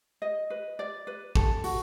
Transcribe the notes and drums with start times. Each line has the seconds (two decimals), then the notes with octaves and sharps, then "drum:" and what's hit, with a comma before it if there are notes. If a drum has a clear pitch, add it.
0.22 D#5
0.50 B4
0.79 D5
1.07 B4
1.35 A4, drum: kick
1.64 F#4, drum: open hi-hat